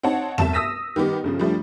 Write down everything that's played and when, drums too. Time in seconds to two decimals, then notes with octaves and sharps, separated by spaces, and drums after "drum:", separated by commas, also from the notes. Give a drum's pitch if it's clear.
0.03 C4 D#4 C#5 F#5 A5
0.38 G1 C2 E5 A5 E7, drum: tom E2
0.53 D#6 E6 A#6 B6 D#7
0.96 D#3 G3 B3 G4
1.24 G1 C#3 F3
1.39 F3 G3 A3 D4